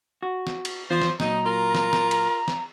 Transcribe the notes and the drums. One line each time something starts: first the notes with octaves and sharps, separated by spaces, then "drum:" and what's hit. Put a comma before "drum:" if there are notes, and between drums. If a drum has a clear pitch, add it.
F#4
drum: snare
drum: cymbal
E2 F3 F4 C5
drum: snare
A#2 F#3 D#4 A#5, drum: snare
F4 A#4
drum: snare
drum: snare
drum: cymbal
drum: snare